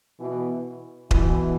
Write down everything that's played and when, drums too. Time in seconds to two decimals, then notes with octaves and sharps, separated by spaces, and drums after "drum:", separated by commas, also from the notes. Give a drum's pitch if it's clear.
0.19 B2 E3
1.11 B2 E3, drum: kick D#1